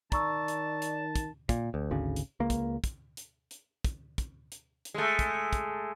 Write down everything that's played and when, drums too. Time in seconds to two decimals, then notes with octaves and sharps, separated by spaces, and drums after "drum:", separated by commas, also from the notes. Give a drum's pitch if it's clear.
0.12 D#3 D5 A5 A#5 C#6 E6, drum: kick, hi-hat
0.48 drum: hi-hat
0.82 drum: hi-hat
1.16 drum: kick, hi-hat
1.49 A#2, drum: kick, hi-hat
1.74 D2
1.91 G#1 D2 C#3
2.16 drum: hi-hat
2.40 C#2 A#3
2.50 drum: kick, hi-hat
2.84 drum: kick, hi-hat
3.17 drum: hi-hat
3.51 drum: hi-hat
3.84 drum: kick, hi-hat
4.18 drum: kick, hi-hat
4.52 drum: hi-hat
4.85 drum: hi-hat
4.94 G#3 A3
5.19 drum: kick, hi-hat
5.53 drum: kick, hi-hat